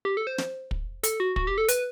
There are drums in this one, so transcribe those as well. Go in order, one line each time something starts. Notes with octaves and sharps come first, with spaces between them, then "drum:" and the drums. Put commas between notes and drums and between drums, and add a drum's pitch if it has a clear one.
G4
A4
C5
drum: snare
drum: kick
A4, drum: hi-hat
F#4
F#4, drum: kick
G4
A4
B4, drum: hi-hat